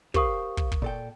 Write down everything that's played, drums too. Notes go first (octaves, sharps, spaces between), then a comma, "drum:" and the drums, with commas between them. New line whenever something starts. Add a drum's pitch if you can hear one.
G4 A#4 C5 F5 C#6 D#6, drum: kick
drum: kick
drum: kick
A#2 A4 G5